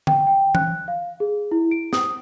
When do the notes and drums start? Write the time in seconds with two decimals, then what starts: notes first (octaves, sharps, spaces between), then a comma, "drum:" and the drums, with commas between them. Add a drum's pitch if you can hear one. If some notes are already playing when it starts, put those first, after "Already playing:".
0.07 G5, drum: tom D3
0.27 G5
0.55 F#6, drum: tom E3
0.88 F5
1.20 G#4
1.51 E4
1.71 D7
1.93 D#6, drum: snare